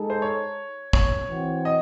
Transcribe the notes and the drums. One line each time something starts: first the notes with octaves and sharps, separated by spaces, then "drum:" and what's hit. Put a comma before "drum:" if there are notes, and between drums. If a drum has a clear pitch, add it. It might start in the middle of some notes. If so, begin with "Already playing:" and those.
Already playing: G#3 D#4 A4
C5
C#5
C#5, drum: kick
E3 C4 F#4
D#5